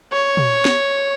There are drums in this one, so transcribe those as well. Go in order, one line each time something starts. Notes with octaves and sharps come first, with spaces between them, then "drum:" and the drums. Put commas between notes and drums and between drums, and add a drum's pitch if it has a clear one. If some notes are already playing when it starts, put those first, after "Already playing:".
C#5
drum: tom
drum: snare